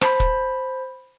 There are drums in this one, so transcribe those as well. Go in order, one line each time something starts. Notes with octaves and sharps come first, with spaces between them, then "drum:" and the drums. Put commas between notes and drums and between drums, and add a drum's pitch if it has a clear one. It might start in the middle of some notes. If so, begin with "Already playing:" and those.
C5 A5 B5, drum: rim click
drum: kick